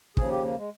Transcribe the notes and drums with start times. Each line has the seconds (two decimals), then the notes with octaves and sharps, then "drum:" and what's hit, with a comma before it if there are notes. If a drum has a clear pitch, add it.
0.17 D#2 C#3 F3 G#4, drum: kick
0.30 G4
0.44 A#3
0.57 G#3